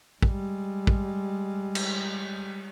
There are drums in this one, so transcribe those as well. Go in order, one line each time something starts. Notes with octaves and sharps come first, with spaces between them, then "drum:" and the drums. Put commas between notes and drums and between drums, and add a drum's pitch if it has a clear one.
G3 G#3, drum: kick
drum: kick
drum: cymbal